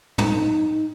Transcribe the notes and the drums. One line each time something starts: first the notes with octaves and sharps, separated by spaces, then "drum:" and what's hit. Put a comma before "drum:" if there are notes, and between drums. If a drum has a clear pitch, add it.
D#4, drum: tom